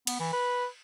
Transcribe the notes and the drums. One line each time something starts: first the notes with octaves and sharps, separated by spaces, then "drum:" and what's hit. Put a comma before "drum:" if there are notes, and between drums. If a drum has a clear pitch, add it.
B3, drum: cymbal
E3
B4